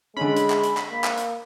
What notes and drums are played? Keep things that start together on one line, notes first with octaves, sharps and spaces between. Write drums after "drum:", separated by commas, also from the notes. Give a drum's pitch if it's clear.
D3 G#3 C#4 B5
drum: hi-hat
drum: clap
drum: hi-hat
drum: clap
A#3
drum: clap
drum: hi-hat